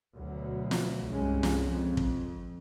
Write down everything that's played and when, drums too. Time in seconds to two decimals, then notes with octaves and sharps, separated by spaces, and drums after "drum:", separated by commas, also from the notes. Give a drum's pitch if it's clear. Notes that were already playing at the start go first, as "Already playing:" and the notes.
0.16 D2 B2 F#3
0.71 drum: snare
1.07 C2 G2 C#3 G#3 C#4
1.43 drum: snare
1.64 F2
1.97 drum: kick